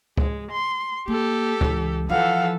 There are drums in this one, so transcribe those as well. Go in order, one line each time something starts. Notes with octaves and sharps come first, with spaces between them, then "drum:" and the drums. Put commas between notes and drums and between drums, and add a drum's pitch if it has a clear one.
G#3, drum: kick C#2
C6
A#3 G4 A4
C#2 E3, drum: kick C#2
E3 F3 A4 F5 F#5